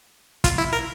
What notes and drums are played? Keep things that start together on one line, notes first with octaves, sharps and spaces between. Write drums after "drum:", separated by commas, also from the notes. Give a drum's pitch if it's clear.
F4, drum: kick, hi-hat
E4
A#4